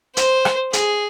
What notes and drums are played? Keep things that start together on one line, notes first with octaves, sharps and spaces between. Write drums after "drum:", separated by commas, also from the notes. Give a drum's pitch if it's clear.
C5, drum: hi-hat
drum: rim click
G#4, drum: hi-hat